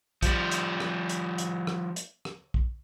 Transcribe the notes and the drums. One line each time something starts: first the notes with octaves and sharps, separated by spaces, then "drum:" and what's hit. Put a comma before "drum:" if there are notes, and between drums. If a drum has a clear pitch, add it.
F3 G3, drum: kick, hi-hat
drum: hi-hat
drum: rim click
drum: hi-hat
drum: hi-hat
drum: rim click
drum: hi-hat
drum: rim click
drum: kick